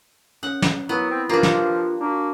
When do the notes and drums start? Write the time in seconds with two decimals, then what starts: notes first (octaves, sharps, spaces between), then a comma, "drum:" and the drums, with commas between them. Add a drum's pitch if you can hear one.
0.43 C#4 F#5
0.62 drum: snare
0.89 F#3 B3 E4
1.11 C4
1.29 F3 A#3 D4 F4 G4 B4
1.43 drum: snare
2.01 A#3 D4 F#4